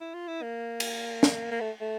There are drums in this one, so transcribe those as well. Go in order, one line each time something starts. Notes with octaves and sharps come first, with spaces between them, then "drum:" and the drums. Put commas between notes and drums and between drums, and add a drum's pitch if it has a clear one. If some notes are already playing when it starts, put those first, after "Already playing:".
E4
F4
E4
A#3
drum: cymbal
drum: snare
A#3
A3
A3